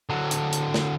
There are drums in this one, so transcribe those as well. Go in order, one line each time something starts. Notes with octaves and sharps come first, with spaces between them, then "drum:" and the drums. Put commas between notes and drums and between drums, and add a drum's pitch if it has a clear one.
D3 F#3
drum: hi-hat
drum: hi-hat
drum: snare